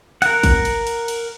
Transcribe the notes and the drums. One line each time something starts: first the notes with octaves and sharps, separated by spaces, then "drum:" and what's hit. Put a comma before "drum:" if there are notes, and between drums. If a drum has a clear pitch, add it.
A#4 F#5, drum: cymbal
drum: kick, cymbal
drum: cymbal
drum: cymbal
drum: cymbal